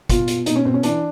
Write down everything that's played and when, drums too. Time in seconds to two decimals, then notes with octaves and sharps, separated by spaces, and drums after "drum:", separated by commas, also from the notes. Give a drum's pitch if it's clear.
0.10 B2 F4, drum: kick, hi-hat
0.28 B2, drum: hi-hat
0.46 B2 D#4, drum: hi-hat
0.56 C#4
0.65 B2 C4
0.74 C#4
0.83 E3 D4, drum: hi-hat